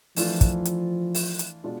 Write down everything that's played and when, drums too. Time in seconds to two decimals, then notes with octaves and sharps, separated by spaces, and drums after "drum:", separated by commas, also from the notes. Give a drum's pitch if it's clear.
0.17 E3 F3 A3 D4 F4, drum: open hi-hat
0.41 drum: kick, hi-hat
0.65 drum: hi-hat
1.15 drum: open hi-hat
1.39 drum: hi-hat
1.64 B2 G#3 D4 F4